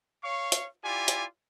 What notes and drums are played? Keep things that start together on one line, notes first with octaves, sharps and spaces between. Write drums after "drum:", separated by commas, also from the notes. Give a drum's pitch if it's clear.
C#5 F5 C#6
drum: hi-hat
E4 F4 G4 D5 G#5
drum: hi-hat